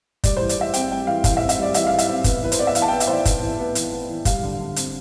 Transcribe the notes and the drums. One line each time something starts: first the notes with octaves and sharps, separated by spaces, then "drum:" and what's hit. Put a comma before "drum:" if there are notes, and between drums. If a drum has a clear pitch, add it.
G3 D5, drum: kick F#1, hi-hat
E3 C5
D5, drum: hi-hat
E3 E5
C4 G5, drum: hi-hat
G3 G5
E3 F5
E3 F5, drum: kick F#1, hi-hat
E5
C4
E5, drum: hi-hat
G3 D5
E3 E5, drum: hi-hat
E3 F5
E5, drum: hi-hat
C4
B3, drum: kick F#1, hi-hat
E3 B4
C5, drum: hi-hat
B3 D5
E5
E3 F5, drum: hi-hat
A5
B3 G5
E5, drum: hi-hat
E3 C5 D5
B3, drum: kick F#1, hi-hat
E3
B3
E3, drum: hi-hat
B3
E3
G3 F5, drum: kick F#1, hi-hat
D3
D3
C4, drum: hi-hat